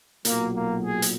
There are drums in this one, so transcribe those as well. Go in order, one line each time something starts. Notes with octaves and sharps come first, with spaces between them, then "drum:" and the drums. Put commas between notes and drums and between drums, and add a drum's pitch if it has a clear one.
B1 A#2 F#3 A#3, drum: hi-hat
A#3
G#4
drum: hi-hat